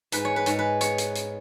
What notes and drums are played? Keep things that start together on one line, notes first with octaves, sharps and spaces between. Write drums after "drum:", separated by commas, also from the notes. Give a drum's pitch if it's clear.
G#2 B4, drum: hi-hat
C#5
B4
G#2 C#5, drum: hi-hat
B4
B3 C#5, drum: hi-hat
drum: hi-hat
drum: hi-hat